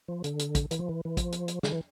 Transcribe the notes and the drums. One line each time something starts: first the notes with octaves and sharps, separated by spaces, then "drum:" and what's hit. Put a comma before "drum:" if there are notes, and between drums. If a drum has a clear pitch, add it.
F3
D3, drum: hi-hat
drum: hi-hat
drum: kick, hi-hat
E3, drum: hi-hat
F3
E3
E3
F3, drum: kick, hi-hat
drum: hi-hat
drum: hi-hat
D3, drum: snare
E3